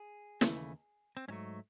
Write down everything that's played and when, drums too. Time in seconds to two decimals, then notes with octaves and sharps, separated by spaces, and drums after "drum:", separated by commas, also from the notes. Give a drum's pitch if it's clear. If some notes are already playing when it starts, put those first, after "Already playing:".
Already playing: G#4
0.41 D#2 C#3 E3 A3, drum: snare
1.17 C4
1.28 G#2 F#3 A3 C#4